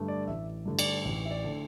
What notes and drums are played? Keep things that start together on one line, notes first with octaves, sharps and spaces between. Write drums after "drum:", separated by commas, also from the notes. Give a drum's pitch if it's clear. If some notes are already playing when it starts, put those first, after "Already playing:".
Already playing: G2 D3 A3
D5
A1 E5
G2 D3 A3
D5, drum: cymbal
A1
E5
D5
D3 A3